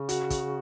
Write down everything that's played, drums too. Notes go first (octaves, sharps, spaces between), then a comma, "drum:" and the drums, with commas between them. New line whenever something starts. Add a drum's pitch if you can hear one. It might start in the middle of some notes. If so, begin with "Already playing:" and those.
Already playing: C#3
F#4, drum: hi-hat
drum: kick, hi-hat